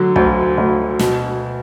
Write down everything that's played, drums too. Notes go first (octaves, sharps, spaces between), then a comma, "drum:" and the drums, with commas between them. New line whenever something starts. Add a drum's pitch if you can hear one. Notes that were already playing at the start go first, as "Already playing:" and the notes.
Already playing: D3 F#3
D2, drum: kick
D2
B2, drum: snare